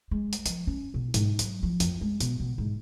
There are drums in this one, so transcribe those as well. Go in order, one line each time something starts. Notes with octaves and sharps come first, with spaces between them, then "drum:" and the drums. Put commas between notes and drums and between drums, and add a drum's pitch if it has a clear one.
G#3
drum: hi-hat
F3, drum: hi-hat
C#4
B2
G#2, drum: hi-hat
F#3, drum: hi-hat
F3
F2, drum: hi-hat
G#3
B2, drum: hi-hat
B2
G#2